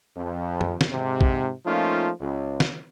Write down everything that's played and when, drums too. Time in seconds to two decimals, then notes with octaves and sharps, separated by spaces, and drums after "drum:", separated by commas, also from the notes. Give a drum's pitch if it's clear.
0.16 F2
0.61 drum: tom F#2
0.81 drum: snare
0.91 G#2 C3
1.21 drum: kick A#1
1.65 F3 A3 A#3 C#4 D#4 F4
2.20 C#2
2.60 drum: snare